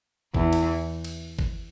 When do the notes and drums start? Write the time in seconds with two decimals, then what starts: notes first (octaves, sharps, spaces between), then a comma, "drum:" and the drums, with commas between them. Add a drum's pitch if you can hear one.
0.34 E2, drum: kick G#1
0.53 drum: cymbal
1.04 drum: cymbal
1.39 drum: kick G#1